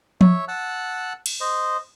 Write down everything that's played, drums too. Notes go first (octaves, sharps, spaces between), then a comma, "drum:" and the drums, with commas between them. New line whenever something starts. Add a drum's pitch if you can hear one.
C#5 E5, drum: tom F3
F#5 A5 E6 F#6
drum: cymbal
C5 D#5